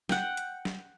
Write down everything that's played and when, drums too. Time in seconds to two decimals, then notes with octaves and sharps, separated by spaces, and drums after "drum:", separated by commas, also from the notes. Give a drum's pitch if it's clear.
0.09 F#5 G5, drum: snare
0.37 drum: hi-hat
0.65 drum: snare